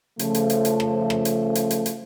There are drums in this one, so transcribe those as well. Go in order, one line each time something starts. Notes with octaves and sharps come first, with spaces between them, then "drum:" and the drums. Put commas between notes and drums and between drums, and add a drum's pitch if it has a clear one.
C#3 F3 A3, drum: hi-hat
drum: hi-hat
drum: hi-hat
drum: hi-hat
drum: rim click
drum: rim click
drum: hi-hat
drum: hi-hat
drum: hi-hat
drum: hi-hat